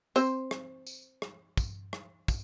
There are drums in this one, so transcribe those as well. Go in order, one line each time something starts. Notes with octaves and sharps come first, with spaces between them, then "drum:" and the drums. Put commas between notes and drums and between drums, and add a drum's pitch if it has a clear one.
C4 C5, drum: tambourine
drum: rim click
drum: tambourine
drum: rim click
drum: kick, tambourine
drum: rim click
drum: kick, tambourine